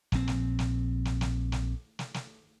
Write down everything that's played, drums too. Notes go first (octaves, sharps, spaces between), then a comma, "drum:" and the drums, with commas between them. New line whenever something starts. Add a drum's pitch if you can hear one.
A#1 C4, drum: snare
drum: snare
drum: snare
drum: snare
drum: snare
drum: snare
drum: snare
drum: snare